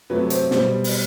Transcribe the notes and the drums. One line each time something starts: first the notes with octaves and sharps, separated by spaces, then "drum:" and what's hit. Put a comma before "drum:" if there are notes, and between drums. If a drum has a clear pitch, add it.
C3 F#3 A3 B4
C5, drum: hi-hat
B2 G3 C5, drum: snare
drum: open hi-hat